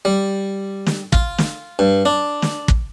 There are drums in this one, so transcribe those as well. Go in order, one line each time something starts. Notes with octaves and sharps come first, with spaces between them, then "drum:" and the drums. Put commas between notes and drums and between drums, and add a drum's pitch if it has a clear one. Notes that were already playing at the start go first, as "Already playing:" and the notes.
G3
drum: snare
F4, drum: kick
drum: snare
G2
D4
drum: snare
drum: kick